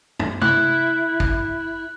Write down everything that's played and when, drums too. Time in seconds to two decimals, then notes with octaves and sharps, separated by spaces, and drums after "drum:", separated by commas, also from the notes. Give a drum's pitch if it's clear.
0.19 drum: tom
0.42 E4 F#6, drum: tom
1.20 drum: kick